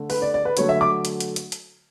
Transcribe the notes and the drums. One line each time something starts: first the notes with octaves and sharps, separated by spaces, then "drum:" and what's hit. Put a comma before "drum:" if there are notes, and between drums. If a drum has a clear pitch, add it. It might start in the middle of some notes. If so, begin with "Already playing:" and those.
Already playing: D3 A3
B4, drum: open hi-hat
D5
D5
B4
D3 F#3 A3 C#5, drum: hi-hat
E5
D6
drum: hi-hat
drum: hi-hat
drum: hi-hat
drum: hi-hat